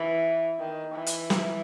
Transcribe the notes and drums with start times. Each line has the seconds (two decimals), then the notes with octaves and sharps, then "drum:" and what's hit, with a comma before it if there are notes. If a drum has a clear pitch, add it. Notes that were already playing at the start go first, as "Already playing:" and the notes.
Already playing: E3
0.59 D#3
0.95 E3
1.06 drum: hi-hat
1.30 drum: snare